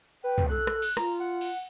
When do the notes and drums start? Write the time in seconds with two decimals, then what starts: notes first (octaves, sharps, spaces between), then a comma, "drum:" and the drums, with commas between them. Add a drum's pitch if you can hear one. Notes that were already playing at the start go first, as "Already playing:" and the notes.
0.24 B4 G5
0.38 drum: tom
0.49 A4 F#6
0.67 drum: rim click
0.82 drum: cymbal
0.97 F4 A#5, drum: rim click
1.20 F#5
1.41 drum: cymbal